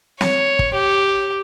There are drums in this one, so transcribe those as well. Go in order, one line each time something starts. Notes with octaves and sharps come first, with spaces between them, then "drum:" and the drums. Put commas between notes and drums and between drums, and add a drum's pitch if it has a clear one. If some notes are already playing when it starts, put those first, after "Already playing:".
C#5, drum: snare
drum: kick
G4